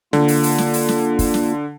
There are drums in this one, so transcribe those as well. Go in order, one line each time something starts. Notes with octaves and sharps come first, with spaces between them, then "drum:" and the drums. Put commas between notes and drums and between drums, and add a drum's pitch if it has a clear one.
D3 A#3 F4, drum: snare
drum: open hi-hat
drum: open hi-hat
drum: snare
drum: open hi-hat
drum: snare
drum: kick, open hi-hat
drum: snare